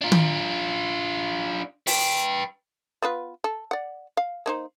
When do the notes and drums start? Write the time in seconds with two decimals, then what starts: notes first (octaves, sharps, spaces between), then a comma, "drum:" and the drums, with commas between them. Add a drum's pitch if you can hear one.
0.01 D4 F4
0.12 drum: tom
1.87 B4 G5, drum: open hi-hat
3.02 B3 F4 B4
3.44 A4
3.71 D5 F#5
4.17 F5
4.46 A#3 D#4 C5